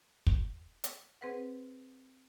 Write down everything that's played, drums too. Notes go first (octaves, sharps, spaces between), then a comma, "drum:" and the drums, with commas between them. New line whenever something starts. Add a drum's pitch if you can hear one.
drum: kick
drum: hi-hat
C4 G#4 B4 C5 F#5